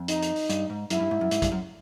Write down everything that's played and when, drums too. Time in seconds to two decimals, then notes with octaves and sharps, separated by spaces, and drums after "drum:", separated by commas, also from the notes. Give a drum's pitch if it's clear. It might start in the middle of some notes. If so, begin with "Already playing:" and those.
Already playing: F2
0.08 D#4, drum: hi-hat
0.22 drum: hi-hat
0.36 drum: open hi-hat
0.49 G2, drum: hi-hat
0.70 G#2
0.90 F#2 E4, drum: hi-hat
1.00 G2
1.11 G#2
1.21 F#2
1.31 G#2, drum: hi-hat
1.42 G2, drum: kick, hi-hat
1.52 F#2